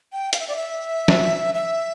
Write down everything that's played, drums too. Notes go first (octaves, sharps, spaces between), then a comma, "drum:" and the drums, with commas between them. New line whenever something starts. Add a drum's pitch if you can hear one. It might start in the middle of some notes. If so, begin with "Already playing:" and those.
G5
F5, drum: hi-hat
E5
D5
E5
drum: snare
E5